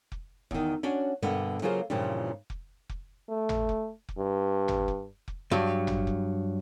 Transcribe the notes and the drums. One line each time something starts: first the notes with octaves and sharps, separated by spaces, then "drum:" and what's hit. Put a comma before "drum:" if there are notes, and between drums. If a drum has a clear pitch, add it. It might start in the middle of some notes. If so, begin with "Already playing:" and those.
drum: kick F1
E2 D#3, drum: kick F1
C#4 D4 F#4
G2 B2 D3 A#3 B3
C#3 F#3 A#3 F4 G#4 C5
G2 A#2 C#3 E3 F3 G3
drum: kick F1
drum: kick F1
A3
drum: tom G#1
drum: kick F1
drum: kick F1
G2
drum: tom G#1
drum: kick F1
drum: kick F1
G2 F#3
drum: tom G#1
drum: kick F1